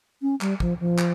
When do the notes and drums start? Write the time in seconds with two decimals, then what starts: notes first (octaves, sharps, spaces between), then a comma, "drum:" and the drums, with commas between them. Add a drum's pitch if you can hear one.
0.22 C#4
0.41 G3, drum: clap
0.60 F3, drum: kick
0.80 F3
0.98 drum: clap